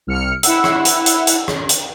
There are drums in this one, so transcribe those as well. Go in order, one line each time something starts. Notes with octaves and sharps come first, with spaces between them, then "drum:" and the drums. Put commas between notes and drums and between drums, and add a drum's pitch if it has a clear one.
C2 F6 C#7
E4 F#5 E6, drum: hi-hat
drum: rim click
drum: hi-hat
drum: hi-hat
drum: hi-hat
drum: rim click
drum: hi-hat